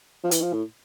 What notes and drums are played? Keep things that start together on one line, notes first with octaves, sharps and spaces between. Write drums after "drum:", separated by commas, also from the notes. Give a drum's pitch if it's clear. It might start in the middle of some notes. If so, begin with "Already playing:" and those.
F3
E3, drum: hi-hat
F3
A2